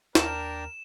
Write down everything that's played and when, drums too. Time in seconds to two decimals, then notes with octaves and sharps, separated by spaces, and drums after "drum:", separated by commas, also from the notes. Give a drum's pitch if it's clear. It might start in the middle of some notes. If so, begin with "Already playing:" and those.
0.15 D#2 D4 A#4 G5 A5 E7, drum: snare